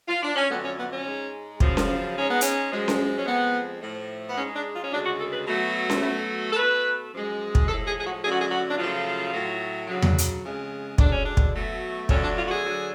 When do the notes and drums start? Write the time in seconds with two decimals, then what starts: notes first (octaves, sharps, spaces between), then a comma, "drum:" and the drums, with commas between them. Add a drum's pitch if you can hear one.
0.08 F4
0.23 D4
0.36 C#4
0.50 F2 D3 F#3 A3 B3
0.64 C#4
0.77 B3
0.92 C#4
1.05 G#2 G#3
1.60 F#2 C#3 F3, drum: kick
1.77 drum: snare C#4
2.16 G#2 G#3 C#4
2.28 B3
2.41 C#4, drum: hi-hat
2.71 F#2 F3 G#3
2.88 drum: snare C#4
3.17 C#4
3.26 F2 F3 G#3 B3
3.81 A2 F3 A3
4.28 B3
4.36 G#2 G#3 C#4
4.55 D4
4.73 F4
4.82 C#4
4.91 D2 C#3 G#3 D4
5.06 F#4
5.19 A4
5.32 B4
5.46 B2 F#3 A3
5.90 drum: snare C#4
6.02 B2 F#3 A3
6.52 A4
6.57 B2 A3 B4
7.13 F#2 F3 G#3
7.55 drum: kick
7.68 A2 F3 G#3 A4
7.86 G#4
7.99 G#4
8.04 F#4
8.23 F#2 D3 F#3 A3 G#4
8.32 F#4
8.40 G#4
8.50 F#4
8.68 D4
8.78 F#2 C#3 F3 A3 F4
9.33 A2 F#3 A3
9.88 D2 C#3 F#3
10.02 drum: tom E2
10.18 drum: hi-hat
10.43 F2 C#3 G#3
10.98 D2 D3 G#3 D4, drum: kick
11.11 C#4
11.23 D4
11.37 drum: kick
11.54 B2 F#3 A3
12.09 F2 D3 F#3 A3 C#4, drum: kick
12.23 D4
12.36 F4
12.46 F#4
12.50 G#4
12.64 D2 D3 F#3